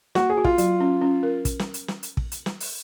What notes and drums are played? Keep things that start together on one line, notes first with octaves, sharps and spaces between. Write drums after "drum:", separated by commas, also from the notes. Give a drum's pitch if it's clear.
A#3 F#4, drum: snare
G#4
F#4
F4, drum: kick
F#3, drum: hi-hat
C#4
C#4
A#4
drum: kick, hi-hat
drum: snare
drum: hi-hat
drum: snare
drum: hi-hat
drum: kick
drum: hi-hat
drum: snare
drum: open hi-hat